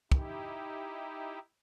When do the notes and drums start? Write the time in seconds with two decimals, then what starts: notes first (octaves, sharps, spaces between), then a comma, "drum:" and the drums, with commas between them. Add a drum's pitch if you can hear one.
0.12 D#4 E4 G4, drum: kick